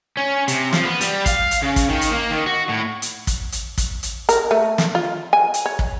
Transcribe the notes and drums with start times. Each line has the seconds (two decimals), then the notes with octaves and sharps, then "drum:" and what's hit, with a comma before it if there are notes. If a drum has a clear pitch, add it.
0.17 C#4
0.48 C3, drum: hi-hat
0.73 F3, drum: snare
0.85 B3
1.01 G3, drum: hi-hat
1.26 F5, drum: kick, hi-hat
1.51 drum: hi-hat
1.62 C#3
1.76 drum: kick, hi-hat
1.89 D#3
2.01 drum: hi-hat
2.11 A#3
2.31 D#3
2.46 F#4
2.69 A2
3.02 drum: hi-hat
3.27 drum: kick, hi-hat
3.52 drum: hi-hat
3.78 drum: kick, hi-hat
4.03 drum: hi-hat
4.29 A#4, drum: hi-hat
4.51 A3
4.78 drum: snare
4.95 F4
5.33 G#5
5.54 drum: hi-hat
5.66 C#5
5.79 drum: kick